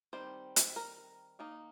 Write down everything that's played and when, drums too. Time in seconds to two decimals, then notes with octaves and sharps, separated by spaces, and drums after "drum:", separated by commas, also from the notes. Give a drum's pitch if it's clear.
0.13 D#3 G3 C4 C5
0.56 drum: hi-hat
0.76 A#4
1.39 D#3 A#3 D#4